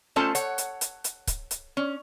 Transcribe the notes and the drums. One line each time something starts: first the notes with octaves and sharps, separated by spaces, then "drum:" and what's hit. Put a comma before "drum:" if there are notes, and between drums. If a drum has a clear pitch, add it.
A3 C#4 F4 A4 C5 A5
C#5 F#5, drum: hi-hat
drum: hi-hat
drum: hi-hat
drum: hi-hat
drum: kick C#1, hi-hat
drum: hi-hat
C#4